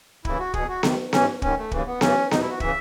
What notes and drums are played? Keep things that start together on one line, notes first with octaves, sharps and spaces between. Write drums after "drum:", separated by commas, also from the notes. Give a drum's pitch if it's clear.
D#2 C#3 E3 E4, drum: kick
F#4
E2 B2 G#4, drum: kick
F#4
D#2 D#3, drum: snare B3
G#2 E3 C#4, drum: snare B3
D#2 D#3 C#4, drum: kick
A3
D#2 C#3 E3, drum: kick
B3
F#2 C#3 E3 C#4, drum: snare B3
E2 B2 D#4, drum: snare B3
E4
F#4
C#3 E3 E5, drum: kick